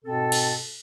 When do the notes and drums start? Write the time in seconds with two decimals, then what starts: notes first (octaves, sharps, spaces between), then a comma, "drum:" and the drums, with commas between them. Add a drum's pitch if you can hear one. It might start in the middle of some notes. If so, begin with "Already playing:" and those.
0.05 G#2 B2 C4 A4
0.32 drum: cymbal